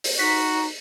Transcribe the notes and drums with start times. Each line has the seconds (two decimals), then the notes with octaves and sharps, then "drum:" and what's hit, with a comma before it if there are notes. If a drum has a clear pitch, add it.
0.04 drum: open hi-hat
0.19 D#4 F#4 B6